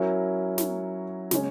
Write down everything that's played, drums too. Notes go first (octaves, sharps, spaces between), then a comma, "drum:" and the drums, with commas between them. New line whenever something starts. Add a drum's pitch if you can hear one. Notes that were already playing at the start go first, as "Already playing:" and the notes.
Already playing: F#3 C#4 E4 A#4
drum: snare
C#3 G#3 C#4, drum: snare